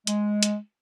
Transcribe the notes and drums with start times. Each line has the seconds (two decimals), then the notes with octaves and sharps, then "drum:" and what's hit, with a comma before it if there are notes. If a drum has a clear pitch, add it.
0.07 G#3, drum: hi-hat
0.43 drum: hi-hat